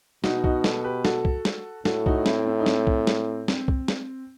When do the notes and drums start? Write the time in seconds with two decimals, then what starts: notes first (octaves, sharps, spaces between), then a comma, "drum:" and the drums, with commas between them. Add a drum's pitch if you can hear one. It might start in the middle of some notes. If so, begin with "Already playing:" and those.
0.24 B2 D#4 F#4, drum: snare
0.44 D#4 F#4, drum: kick C2
0.64 F#4 A4, drum: snare
0.84 G4 B4
1.05 F#4 A4, drum: snare
1.25 drum: kick C2
1.45 drum: snare
1.85 A2 F#4 A4, drum: snare
2.06 D#4 F#4, drum: kick C2
2.26 C4 E4, drum: snare
2.47 C4
2.60 D#4
2.66 C4, drum: snare
2.87 drum: kick C2
3.07 drum: snare
3.48 C4, drum: snare
3.68 drum: kick C2
3.88 drum: snare